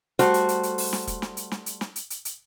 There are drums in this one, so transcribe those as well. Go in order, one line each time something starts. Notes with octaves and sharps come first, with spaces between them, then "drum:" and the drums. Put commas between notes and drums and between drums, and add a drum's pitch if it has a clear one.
G3 A3 F#4 C5, drum: hi-hat
drum: hi-hat
drum: hi-hat
drum: hi-hat
drum: open hi-hat
drum: snare
drum: kick E1, hi-hat
drum: snare
drum: hi-hat
drum: snare
drum: hi-hat
drum: snare
drum: hi-hat
drum: hi-hat
drum: hi-hat